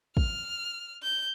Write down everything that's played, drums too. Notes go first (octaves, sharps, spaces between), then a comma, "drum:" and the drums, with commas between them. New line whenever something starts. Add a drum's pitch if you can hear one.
F6, drum: kick
G6